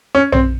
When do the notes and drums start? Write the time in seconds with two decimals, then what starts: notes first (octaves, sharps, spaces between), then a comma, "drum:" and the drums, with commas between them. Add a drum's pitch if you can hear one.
0.15 C#4
0.32 C4, drum: tom A#1